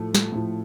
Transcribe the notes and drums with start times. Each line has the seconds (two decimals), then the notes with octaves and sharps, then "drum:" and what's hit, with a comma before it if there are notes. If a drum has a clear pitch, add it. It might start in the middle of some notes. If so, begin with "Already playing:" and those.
Already playing: A2 F3 A3
0.14 drum: snare
0.32 A2 F3